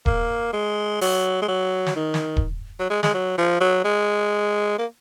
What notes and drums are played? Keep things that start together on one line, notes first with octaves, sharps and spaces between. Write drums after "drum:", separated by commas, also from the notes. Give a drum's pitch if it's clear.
A#3, drum: kick D#1
G#3
F#3, drum: open hi-hat
G#3
F#3
drum: snare
D#3
drum: snare
drum: kick D#1
F#3
G#3
G#3, drum: snare
F#3
F3
F#3
G#3
A#3